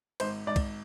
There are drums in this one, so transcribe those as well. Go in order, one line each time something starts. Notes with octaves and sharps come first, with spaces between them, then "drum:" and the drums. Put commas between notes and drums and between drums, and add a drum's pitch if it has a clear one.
G#1 C5, drum: cymbal
G#1 D5
drum: kick, cymbal